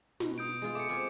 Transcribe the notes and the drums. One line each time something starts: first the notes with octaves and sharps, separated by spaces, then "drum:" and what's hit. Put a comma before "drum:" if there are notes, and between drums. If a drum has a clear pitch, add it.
B2, drum: snare
D#6 G6 D7
G#3 F4
A3 D6 C#7
C4 F4 G#5